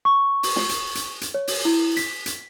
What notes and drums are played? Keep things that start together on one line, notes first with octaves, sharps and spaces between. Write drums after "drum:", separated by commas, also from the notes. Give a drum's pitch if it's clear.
C#6
drum: open hi-hat
drum: snare
drum: hi-hat
drum: hi-hat
drum: hi-hat
C#5
drum: open hi-hat
E4
B6, drum: hi-hat
drum: hi-hat